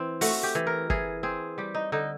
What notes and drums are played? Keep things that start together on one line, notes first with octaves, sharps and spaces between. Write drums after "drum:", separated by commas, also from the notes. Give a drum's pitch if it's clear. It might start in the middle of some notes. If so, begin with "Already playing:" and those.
Already playing: E3 C4
A3 F#4, drum: open hi-hat
G4
E3
A#4
E3 G#4, drum: kick
C4 G#4
G3 G4
D#4
D3 D#4